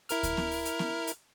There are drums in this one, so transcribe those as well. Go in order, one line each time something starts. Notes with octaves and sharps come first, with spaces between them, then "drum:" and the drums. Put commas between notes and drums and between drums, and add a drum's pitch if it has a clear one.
E4 A#4 F6, drum: hi-hat
drum: kick D2, hi-hat
drum: snare B3
drum: open hi-hat
drum: hi-hat
drum: snare B3
drum: hi-hat